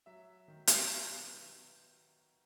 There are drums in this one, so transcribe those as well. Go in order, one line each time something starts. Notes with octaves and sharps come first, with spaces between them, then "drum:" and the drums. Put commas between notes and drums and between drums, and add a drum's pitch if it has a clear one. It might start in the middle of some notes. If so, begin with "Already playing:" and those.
F#3 E5
D#3
drum: hi-hat
B2